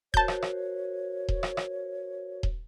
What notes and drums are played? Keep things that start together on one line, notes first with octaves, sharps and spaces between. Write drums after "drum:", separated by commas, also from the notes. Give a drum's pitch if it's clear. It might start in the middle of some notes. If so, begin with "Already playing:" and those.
F#4 A#4 C5 C#5 A5 G6, drum: kick D#1
drum: rim click
drum: rim click
drum: kick D#1
drum: rim click
drum: rim click
drum: kick D#1